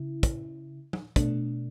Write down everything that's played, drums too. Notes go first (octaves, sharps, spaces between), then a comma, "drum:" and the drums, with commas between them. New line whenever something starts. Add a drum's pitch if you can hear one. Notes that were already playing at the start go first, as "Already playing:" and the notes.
Already playing: C#3 E4
drum: kick, hi-hat
drum: tom
B2 A3 D4, drum: kick, hi-hat